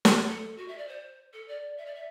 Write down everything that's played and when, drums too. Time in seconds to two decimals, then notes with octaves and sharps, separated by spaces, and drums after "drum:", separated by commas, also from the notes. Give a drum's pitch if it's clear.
0.05 drum: snare
0.28 A4
0.58 F#4
0.68 E5
0.78 D5
0.88 C5
1.33 A4
1.48 D5
1.77 E5
1.86 D5
1.95 E5